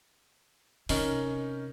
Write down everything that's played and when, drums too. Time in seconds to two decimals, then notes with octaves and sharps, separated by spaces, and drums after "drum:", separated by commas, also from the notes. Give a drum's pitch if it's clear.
0.89 C3 C#4 D#4 A#4, drum: open hi-hat